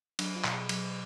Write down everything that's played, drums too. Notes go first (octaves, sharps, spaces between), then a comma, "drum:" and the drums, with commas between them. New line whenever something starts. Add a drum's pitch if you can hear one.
F#3 D4, drum: cymbal
F4
B2, drum: clap
G#4
F#3, drum: cymbal